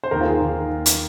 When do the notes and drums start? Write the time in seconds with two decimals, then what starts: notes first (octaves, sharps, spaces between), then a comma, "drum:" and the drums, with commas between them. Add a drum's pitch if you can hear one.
0.04 C5
0.11 D#2 A#4
0.21 F4
0.26 D#3 G#4
0.41 D#2
0.56 D#3
0.86 drum: hi-hat